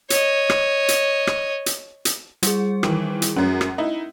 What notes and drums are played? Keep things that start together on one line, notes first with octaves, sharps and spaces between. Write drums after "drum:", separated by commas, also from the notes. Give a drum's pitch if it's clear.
C#5 D#5, drum: hi-hat
drum: rim click
drum: hi-hat
drum: rim click
drum: hi-hat
drum: hi-hat
G3 G#4, drum: hi-hat
D#3 E3, drum: rim click
drum: hi-hat
F#2 F#3 C#4
drum: rim click
D#4 E4